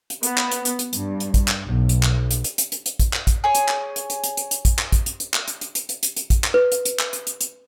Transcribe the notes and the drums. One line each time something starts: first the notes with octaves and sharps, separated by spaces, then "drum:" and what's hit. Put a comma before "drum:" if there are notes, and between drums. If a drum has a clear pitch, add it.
drum: hi-hat
B3, drum: hi-hat
drum: clap
drum: hi-hat
drum: hi-hat
drum: hi-hat
G2, drum: hi-hat
drum: hi-hat
drum: kick, hi-hat
drum: clap
B1
drum: hi-hat
drum: clap
drum: hi-hat
drum: hi-hat
drum: hi-hat
drum: hi-hat
drum: hi-hat
drum: kick, hi-hat
drum: clap
drum: kick, hi-hat
G#4 C#5
drum: hi-hat
drum: clap
drum: hi-hat
drum: hi-hat
drum: hi-hat
drum: hi-hat
drum: hi-hat
drum: kick, hi-hat
drum: clap
drum: kick, hi-hat
drum: hi-hat
drum: hi-hat
drum: clap
drum: hi-hat
drum: hi-hat
drum: hi-hat
drum: hi-hat
drum: hi-hat
drum: hi-hat
drum: kick, hi-hat
drum: clap
B4
drum: hi-hat
drum: hi-hat
drum: clap
drum: hi-hat
drum: hi-hat
drum: hi-hat